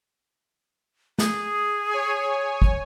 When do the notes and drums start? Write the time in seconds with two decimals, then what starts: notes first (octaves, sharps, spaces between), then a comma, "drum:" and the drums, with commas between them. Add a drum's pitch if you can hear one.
1.19 G#4, drum: snare
1.90 C#5 G#5
2.62 drum: kick G#1